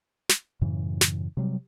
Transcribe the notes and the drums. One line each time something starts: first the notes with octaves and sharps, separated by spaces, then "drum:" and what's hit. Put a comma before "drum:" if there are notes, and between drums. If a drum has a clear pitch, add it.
drum: snare
F#2 A2 C#3 E3
drum: snare
C3 F#3 G3